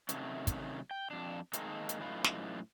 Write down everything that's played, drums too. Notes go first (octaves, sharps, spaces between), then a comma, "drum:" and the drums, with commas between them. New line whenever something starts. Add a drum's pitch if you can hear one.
C3 D#3 F#3 A3 C#4, drum: hi-hat
drum: kick, hi-hat
G5
F2 D4
D#3 G#3 A#3 C4 D#4 A4, drum: hi-hat
drum: hi-hat
F#2 A2 D#4 F4 B4
drum: snare